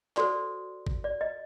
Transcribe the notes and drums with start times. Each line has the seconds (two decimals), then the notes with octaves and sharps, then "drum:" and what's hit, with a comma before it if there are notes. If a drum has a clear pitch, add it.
0.17 F#4 A4 C5 D5, drum: clap
0.87 drum: kick
1.04 D5
1.21 D#5